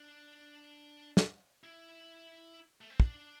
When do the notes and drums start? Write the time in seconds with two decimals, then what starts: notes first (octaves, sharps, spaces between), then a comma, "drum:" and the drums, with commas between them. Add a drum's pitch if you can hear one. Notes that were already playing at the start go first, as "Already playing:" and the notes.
Already playing: D4
1.17 drum: snare
1.64 E4
2.81 A3
2.90 C4
3.00 D4, drum: kick